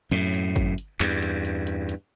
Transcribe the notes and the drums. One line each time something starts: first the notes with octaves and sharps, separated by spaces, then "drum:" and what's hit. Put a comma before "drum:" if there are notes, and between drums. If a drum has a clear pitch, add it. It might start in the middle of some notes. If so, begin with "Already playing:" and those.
F#2 A2, drum: hi-hat
drum: hi-hat
drum: kick G1, hi-hat
drum: hi-hat
E2 G2, drum: clap
drum: hi-hat
drum: hi-hat
drum: hi-hat
drum: hi-hat